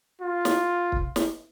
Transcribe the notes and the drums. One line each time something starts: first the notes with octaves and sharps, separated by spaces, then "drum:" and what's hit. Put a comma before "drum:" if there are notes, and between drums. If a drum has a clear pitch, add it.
F4
drum: snare
drum: kick C#1
drum: snare